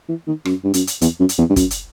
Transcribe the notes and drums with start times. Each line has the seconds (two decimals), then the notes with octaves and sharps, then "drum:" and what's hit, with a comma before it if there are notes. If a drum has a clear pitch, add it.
0.09 E3
0.27 D#3
0.45 F#2, drum: rim click
0.64 G2
0.74 F#2, drum: hi-hat
0.87 drum: hi-hat
1.01 E2, drum: hi-hat
1.20 F#2
1.29 drum: hi-hat
1.38 E2
1.50 G2
1.56 F#2, drum: kick, hi-hat
1.71 drum: hi-hat